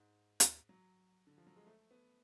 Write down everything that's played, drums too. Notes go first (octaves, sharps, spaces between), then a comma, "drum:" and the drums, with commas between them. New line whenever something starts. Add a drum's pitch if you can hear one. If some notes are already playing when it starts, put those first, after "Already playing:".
Already playing: G#2
drum: hi-hat
F#3
D3
F3
F#3
G#3
A3
B3